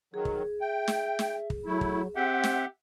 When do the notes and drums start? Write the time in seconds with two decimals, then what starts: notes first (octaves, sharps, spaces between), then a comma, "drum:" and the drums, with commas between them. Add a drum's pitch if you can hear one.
0.14 D#3 F#3 G#4
0.25 drum: kick
0.61 E5 G5
0.88 drum: snare
1.19 drum: snare
1.50 drum: kick
1.66 F#3 A3 E4
1.81 drum: kick
2.16 C4 G4 E5 F#5
2.44 drum: snare